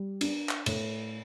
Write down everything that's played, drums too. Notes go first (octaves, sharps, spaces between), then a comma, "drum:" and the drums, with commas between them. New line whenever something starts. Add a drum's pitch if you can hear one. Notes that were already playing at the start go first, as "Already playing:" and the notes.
Already playing: G3
D4, drum: cymbal
drum: clap
A2, drum: cymbal